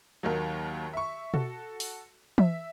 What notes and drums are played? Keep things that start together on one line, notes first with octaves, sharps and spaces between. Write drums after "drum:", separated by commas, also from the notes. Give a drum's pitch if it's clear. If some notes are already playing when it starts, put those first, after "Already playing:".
D#2 D#3 F#3
E5 C#6
F#4 A4, drum: tom B2
drum: open hi-hat
E5, drum: tom E3